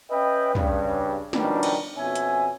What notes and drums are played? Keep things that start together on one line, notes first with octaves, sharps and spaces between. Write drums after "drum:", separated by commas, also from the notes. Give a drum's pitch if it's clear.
C#4 B4 D#5 E5 G5
G2 C#3, drum: tom
B2 D#3 F3 G3 C#4 D4, drum: snare
drum: cymbal
F2 B2 C#4 E5 G#5
drum: hi-hat